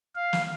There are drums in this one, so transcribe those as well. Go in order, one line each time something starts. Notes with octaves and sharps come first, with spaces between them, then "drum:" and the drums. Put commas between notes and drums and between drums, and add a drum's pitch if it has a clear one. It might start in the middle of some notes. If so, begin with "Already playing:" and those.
F5
drum: snare